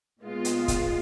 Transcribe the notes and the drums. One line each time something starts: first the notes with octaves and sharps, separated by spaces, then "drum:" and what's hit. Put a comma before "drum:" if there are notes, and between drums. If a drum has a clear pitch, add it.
A#2 G#3 B3 F4
drum: hi-hat
drum: kick C#1, hi-hat